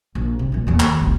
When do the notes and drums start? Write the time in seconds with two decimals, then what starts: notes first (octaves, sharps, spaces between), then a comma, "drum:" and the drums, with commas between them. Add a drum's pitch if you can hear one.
0.15 A#1
0.39 C3
0.52 A#2 F3
0.67 E2 A#3
0.80 D#3, drum: clap
1.01 F#1 C#2